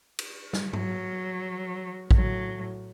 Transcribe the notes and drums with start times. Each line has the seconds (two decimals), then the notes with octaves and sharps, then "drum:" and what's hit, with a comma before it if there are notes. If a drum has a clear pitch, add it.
0.19 drum: cymbal
0.53 drum: snare
0.73 F#3, drum: tom G#2
2.11 A2 F#3, drum: kick A#1